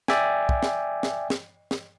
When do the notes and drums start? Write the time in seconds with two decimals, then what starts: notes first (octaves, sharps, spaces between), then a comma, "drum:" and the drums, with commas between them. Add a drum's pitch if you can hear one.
0.08 D5 E5 G5 G#5, drum: snare
0.49 drum: kick
0.63 drum: snare
1.03 drum: snare
1.30 drum: snare
1.71 drum: snare